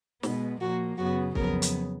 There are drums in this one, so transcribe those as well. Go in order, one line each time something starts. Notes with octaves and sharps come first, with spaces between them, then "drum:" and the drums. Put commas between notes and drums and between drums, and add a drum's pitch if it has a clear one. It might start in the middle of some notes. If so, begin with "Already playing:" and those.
B2 G#3 B3, drum: snare
A#2 F3 A#3 F#4
F#2 C#3 F#3 B3 F#4
F2 C#3 F#3 B3 A#4, drum: kick
drum: hi-hat